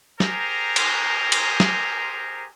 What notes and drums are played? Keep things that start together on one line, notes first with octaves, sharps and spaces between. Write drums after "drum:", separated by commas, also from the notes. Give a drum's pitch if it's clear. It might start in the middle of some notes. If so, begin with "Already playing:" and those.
G4 G#4 A#4 C5 G#5 A#5, drum: snare
drum: cymbal
drum: cymbal
drum: snare